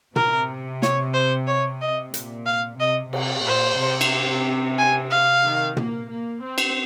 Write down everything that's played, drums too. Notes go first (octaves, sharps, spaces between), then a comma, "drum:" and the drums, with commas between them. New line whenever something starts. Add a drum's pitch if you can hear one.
C3 A#4, drum: tom
C#5, drum: snare
C5
C#5
D#5
A#2, drum: hi-hat
F5
C3 D#5
C3, drum: cymbal
A#2 C5
C3
drum: cymbal
G#5
F5
D#3
A#3, drum: tom
A#3
C4
drum: cymbal